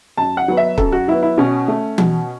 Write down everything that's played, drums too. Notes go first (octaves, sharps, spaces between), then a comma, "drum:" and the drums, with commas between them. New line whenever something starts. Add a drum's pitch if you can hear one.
F#2 A5
F#5
F#3 B3
E5
F#2 A4, drum: kick
F#4
F#3 B3 E4
E4
B2 C#4
A3
B2, drum: tom E3